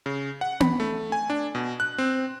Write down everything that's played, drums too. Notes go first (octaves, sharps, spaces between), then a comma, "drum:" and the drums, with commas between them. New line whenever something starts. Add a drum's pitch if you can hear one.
C#3
F#5
B5, drum: tom B3
A3
G#5
D4
B2
F#6
C4